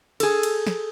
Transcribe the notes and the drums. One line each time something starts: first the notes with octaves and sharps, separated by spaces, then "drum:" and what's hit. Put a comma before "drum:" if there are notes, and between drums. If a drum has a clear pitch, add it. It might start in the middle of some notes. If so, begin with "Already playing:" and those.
G#4 A4, drum: cymbal
drum: cymbal
drum: snare